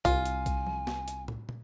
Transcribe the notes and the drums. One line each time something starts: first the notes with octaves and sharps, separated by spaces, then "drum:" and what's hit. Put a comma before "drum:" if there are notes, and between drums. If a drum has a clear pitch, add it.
C2 F4 G#5, drum: kick B1, hi-hat
drum: hi-hat
drum: kick B1, hi-hat
drum: tom F3
drum: snare
drum: hi-hat
drum: tom
drum: tom